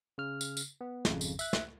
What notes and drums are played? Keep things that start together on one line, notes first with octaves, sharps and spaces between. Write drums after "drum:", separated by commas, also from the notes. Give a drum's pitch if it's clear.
C#3 F6
drum: tambourine
drum: tambourine
B3
G#1 F2 C#3, drum: snare
drum: tambourine
E5 F#6, drum: tambourine
drum: snare